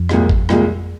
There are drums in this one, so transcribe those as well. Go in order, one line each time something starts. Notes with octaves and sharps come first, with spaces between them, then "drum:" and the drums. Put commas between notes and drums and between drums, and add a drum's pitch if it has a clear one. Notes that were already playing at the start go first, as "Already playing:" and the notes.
Already playing: F2
C2 A#2 F3 G#3, drum: rim click
drum: kick G1
C2 A#2 F3 G#3, drum: rim click